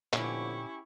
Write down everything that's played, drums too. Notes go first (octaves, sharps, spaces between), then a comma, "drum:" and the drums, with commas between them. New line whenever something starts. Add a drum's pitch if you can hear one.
A#2 D3 F3 B3 C#4 E4 G4 C#6, drum: clap